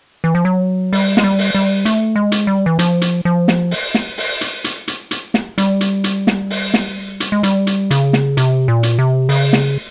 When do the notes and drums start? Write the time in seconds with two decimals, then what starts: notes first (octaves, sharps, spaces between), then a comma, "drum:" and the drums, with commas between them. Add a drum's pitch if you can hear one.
0.24 E3
0.35 F3
0.45 F#3
0.93 G3, drum: open hi-hat
1.17 G#3, drum: snare
1.24 G3
1.39 drum: open hi-hat
1.55 G3
1.85 A3, drum: hi-hat
2.16 G#3
2.32 drum: hi-hat
2.47 G3
2.66 E3
2.79 F3, drum: hi-hat
3.01 drum: hi-hat
3.25 F3
3.48 drum: snare
3.71 drum: open hi-hat
3.94 drum: snare
4.18 drum: open hi-hat
4.41 drum: hi-hat
4.64 drum: hi-hat
4.88 drum: hi-hat
5.11 drum: hi-hat
5.34 drum: snare
5.58 G3, drum: hi-hat
5.81 drum: hi-hat
6.04 drum: hi-hat
6.27 drum: snare
6.50 drum: open hi-hat
6.74 drum: snare
7.20 drum: hi-hat
7.32 G#3
7.43 G3, drum: hi-hat
7.67 drum: hi-hat
7.91 C#3, drum: hi-hat
8.13 drum: snare
8.37 C3, drum: hi-hat
8.68 A#2
8.83 drum: hi-hat
8.99 C3
9.29 C#3, drum: open hi-hat
9.53 drum: snare